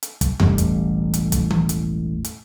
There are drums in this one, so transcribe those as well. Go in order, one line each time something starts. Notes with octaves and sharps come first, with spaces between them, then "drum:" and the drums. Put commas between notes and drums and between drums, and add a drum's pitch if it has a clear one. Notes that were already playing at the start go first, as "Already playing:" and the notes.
drum: hi-hat
drum: kick, hi-hat
E1 A1 F#2 G3, drum: tom E2
drum: hi-hat
drum: hi-hat
drum: kick, hi-hat
drum: tom D#3
drum: hi-hat
drum: hi-hat